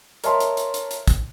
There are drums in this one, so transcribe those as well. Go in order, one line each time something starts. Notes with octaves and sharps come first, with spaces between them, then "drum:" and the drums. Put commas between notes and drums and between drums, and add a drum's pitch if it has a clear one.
A#4 C#5 D#5 E5 A5 C6, drum: hi-hat
drum: hi-hat
drum: hi-hat
drum: hi-hat
drum: hi-hat
drum: kick, hi-hat